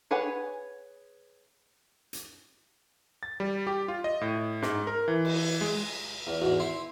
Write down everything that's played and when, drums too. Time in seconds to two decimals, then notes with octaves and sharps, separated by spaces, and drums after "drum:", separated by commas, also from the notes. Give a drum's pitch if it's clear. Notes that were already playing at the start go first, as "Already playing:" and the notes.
0.11 G#4 B4 C#5 F#5 G#5
2.13 drum: hi-hat
3.23 A6
3.40 G3
3.67 G4
3.88 F4
4.04 D#5
4.21 A2
4.62 G#2, drum: snare
4.87 A#4
5.08 E3
5.25 drum: cymbal
5.61 G#3
6.27 E2
6.42 E2 G#2 F#4
6.60 E4 C6